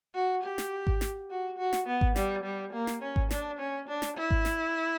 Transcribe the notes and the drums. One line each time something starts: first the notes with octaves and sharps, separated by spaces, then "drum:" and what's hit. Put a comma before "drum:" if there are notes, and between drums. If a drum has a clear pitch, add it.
F#4
G4
drum: snare
drum: kick G#1
drum: snare
F#4
F#4
drum: snare
B3
drum: kick G#1
G3, drum: snare
G3
A#3
drum: snare
C#4
drum: kick G#1
D4, drum: snare
C#4
D4
drum: snare
E4
drum: kick G#1
drum: snare